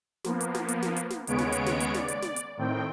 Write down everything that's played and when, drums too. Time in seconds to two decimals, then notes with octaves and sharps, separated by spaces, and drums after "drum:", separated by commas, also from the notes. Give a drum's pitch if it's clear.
0.24 F3 A#3 B3, drum: snare
0.40 drum: hi-hat
0.54 drum: snare
0.68 drum: hi-hat
0.82 drum: snare
0.96 drum: hi-hat
1.10 drum: snare
1.27 D#2 C#3 G#3 B3 C#5 D7, drum: hi-hat
1.38 drum: snare
1.52 drum: hi-hat
1.66 drum: snare
1.80 drum: hi-hat
1.94 D5, drum: snare
2.08 drum: hi-hat
2.22 drum: snare
2.36 drum: hi-hat
2.57 A2 D#3 C4 G5